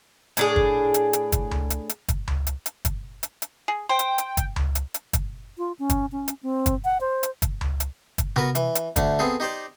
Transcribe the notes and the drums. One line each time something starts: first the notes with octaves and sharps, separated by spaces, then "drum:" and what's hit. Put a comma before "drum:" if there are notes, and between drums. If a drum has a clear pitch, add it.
A2 D4 G#4, drum: hi-hat
drum: kick
drum: hi-hat
drum: hi-hat
drum: kick, hi-hat
drum: tom C#2
drum: hi-hat
drum: hi-hat
drum: kick, hi-hat
drum: tom C#2
drum: hi-hat
drum: hi-hat
drum: kick, hi-hat
drum: hi-hat
drum: hi-hat
G#4
C5 G5
drum: hi-hat
drum: hi-hat
drum: kick, hi-hat
drum: tom C#2
drum: hi-hat
drum: hi-hat
drum: kick, hi-hat
F4
C#4
drum: kick, hi-hat
C#4
drum: hi-hat
C4
drum: kick, hi-hat
F#5
C5
drum: hi-hat
drum: kick, hi-hat
drum: tom C#2
drum: hi-hat
drum: kick, hi-hat
B3 F#4 A#4 B4, drum: tom C3
E3, drum: hi-hat
drum: hi-hat
D2 D3 A3, drum: kick, hi-hat
B3 C4 G#4 A4
D#4 G4 C5 D5